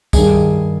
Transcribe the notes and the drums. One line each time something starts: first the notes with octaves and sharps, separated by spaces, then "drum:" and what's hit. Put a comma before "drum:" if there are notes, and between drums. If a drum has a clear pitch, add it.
G2 D#3 G#4, drum: kick, tambourine